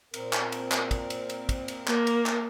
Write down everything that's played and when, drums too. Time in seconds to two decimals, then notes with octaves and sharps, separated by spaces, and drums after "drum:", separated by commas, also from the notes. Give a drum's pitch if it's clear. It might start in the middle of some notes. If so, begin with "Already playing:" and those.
0.14 A#2 C4 A#4, drum: cymbal
0.33 drum: clap
0.52 drum: cymbal
0.72 drum: clap
0.91 drum: kick, cymbal
1.10 drum: cymbal
1.30 drum: cymbal
1.49 drum: kick, cymbal
1.68 drum: cymbal
1.88 A#3, drum: clap
2.07 drum: cymbal
2.26 drum: clap